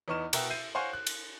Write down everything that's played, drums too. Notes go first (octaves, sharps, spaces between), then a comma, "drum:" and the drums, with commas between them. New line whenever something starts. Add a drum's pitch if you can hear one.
E2 B3 D#4 C#6 F6 E7
B2 F#4 A#4 E5 G5, drum: cymbal
E5 G6 C7 D#7
C5 C#5 F5 F#5 G#5 C6
F#6
drum: cymbal